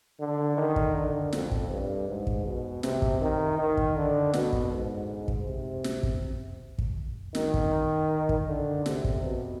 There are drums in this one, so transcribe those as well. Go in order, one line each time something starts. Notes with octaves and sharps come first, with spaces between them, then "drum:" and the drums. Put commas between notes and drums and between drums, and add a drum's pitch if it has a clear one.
D3
D#3
drum: kick
D3
F2, drum: snare
drum: kick
G2
G#2
drum: kick
B2
C3, drum: snare
drum: kick
D#3
D#3
drum: kick
D3
B2, drum: snare
drum: kick
G#2
drum: kick
C3
drum: snare
drum: kick
drum: kick
D#3, drum: snare
drum: kick
drum: kick
D3
C3, drum: snare
drum: kick
B2